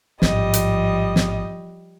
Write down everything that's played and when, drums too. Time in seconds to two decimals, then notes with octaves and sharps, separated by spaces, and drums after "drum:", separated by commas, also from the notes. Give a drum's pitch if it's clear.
0.22 A1 G#2 F3 G3 D#5, drum: snare
0.53 drum: hi-hat
1.16 drum: snare